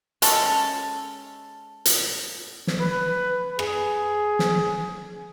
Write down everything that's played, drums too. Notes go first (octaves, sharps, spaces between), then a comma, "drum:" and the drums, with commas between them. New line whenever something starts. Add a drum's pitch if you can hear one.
G#3 C#4 A4, drum: hi-hat
drum: hi-hat
drum: snare
B4
G#4, drum: rim click
drum: snare